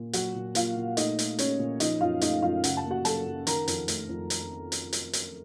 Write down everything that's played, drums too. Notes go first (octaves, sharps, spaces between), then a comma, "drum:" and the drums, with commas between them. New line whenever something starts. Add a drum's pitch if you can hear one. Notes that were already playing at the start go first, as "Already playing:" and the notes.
Already playing: A#2
F#3 F#4 F#5, drum: hi-hat
A#2
A#3 F4 F5, drum: hi-hat
A#2
A3 D#4 D#5, drum: hi-hat
A3, drum: hi-hat
A#2 C#4 C#5, drum: hi-hat
A#2
F3 D#4 D#5, drum: hi-hat
F#2 F4 F5
A3 D#4 D#5, drum: hi-hat
F#2 F4 F5
C#3 F#5, drum: hi-hat
A5
A#3
F#4 F#5
F#3 A4 A5, drum: hi-hat
F#2
D#3 A#4 A#5, drum: hi-hat
F2, drum: hi-hat
A3, drum: hi-hat
F2
drum: hi-hat
drum: hi-hat
drum: hi-hat
drum: hi-hat